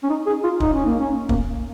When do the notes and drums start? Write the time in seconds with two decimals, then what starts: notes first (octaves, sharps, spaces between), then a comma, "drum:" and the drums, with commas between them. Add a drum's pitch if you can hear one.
0.03 C#4
0.10 D#4
0.26 G#4
0.44 F4
0.60 D#4, drum: kick
0.73 C#4
0.86 A#3
0.99 C#4
1.29 A#3, drum: kick